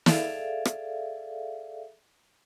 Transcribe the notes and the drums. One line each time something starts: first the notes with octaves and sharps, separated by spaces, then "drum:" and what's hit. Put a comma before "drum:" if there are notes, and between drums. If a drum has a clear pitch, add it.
G#4 A4 D5 E5 F5, drum: snare
drum: rim click